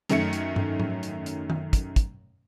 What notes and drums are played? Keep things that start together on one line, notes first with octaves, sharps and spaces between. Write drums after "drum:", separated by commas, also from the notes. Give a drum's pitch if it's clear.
F#2 D#3 A3 C#4 C#7, drum: hi-hat
drum: hi-hat
drum: tom G2
drum: tom G#2
drum: hi-hat
drum: hi-hat
drum: tom D#3
drum: kick, hi-hat
drum: kick, hi-hat